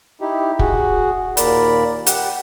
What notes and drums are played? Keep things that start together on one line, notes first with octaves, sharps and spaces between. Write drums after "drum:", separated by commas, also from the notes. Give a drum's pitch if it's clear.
D#4 E4 G4
F#4 G#4, drum: kick
D#2 A#2 A#4 D5 B5, drum: hi-hat
G4 F#5, drum: hi-hat